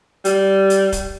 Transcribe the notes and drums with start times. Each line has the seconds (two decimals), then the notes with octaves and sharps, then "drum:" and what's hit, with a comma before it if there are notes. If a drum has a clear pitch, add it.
0.25 G3, drum: hi-hat
0.70 drum: hi-hat
0.92 drum: kick, hi-hat